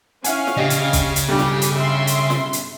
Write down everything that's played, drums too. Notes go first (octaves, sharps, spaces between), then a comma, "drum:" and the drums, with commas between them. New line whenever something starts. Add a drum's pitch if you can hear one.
C#4 E4 F5 F#5 G#5, drum: hi-hat
drum: snare
A#1 C#3 G4 D#5
drum: hi-hat
drum: kick, hi-hat
drum: hi-hat
B1 G2 G3 G4
drum: snare
drum: hi-hat
E5 C6
drum: hi-hat
drum: snare
drum: hi-hat